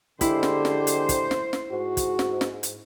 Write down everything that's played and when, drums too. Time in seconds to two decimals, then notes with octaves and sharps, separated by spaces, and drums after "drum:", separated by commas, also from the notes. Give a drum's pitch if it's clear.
0.21 D3 G#3 E4 G4 C5, drum: kick, hi-hat
0.43 drum: snare
0.65 drum: snare
0.87 drum: hi-hat
1.09 drum: kick, hi-hat
1.31 drum: snare
1.53 drum: snare
1.71 G#2 F#4
1.97 drum: kick, hi-hat
2.19 drum: snare
2.41 drum: snare
2.63 drum: hi-hat